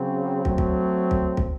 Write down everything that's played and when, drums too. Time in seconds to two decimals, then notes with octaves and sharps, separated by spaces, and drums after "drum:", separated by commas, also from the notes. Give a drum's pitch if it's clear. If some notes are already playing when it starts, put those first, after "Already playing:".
Already playing: C#3 F#3 C4
0.45 F#3 A3 C4, drum: kick
0.58 drum: kick
1.11 drum: kick
1.37 drum: kick